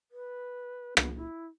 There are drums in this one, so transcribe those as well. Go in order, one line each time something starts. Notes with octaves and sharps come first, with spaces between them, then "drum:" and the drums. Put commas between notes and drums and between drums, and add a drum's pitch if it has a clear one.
B4
B3, drum: rim click
E4